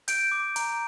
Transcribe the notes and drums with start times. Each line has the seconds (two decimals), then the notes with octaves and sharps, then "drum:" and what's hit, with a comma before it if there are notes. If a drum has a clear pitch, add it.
0.08 G6 D7, drum: hi-hat
0.32 D6
0.56 A#5, drum: hi-hat